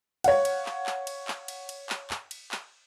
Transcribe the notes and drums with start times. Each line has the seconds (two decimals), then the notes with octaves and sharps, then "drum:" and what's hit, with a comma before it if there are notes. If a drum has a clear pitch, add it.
0.24 C#5 F5 F#5, drum: cymbal
0.45 drum: cymbal
0.66 drum: clap
0.86 drum: clap
1.07 drum: cymbal
1.28 drum: clap
1.48 drum: cymbal
1.69 drum: cymbal
1.90 drum: clap
2.10 drum: clap
2.31 drum: cymbal
2.52 drum: clap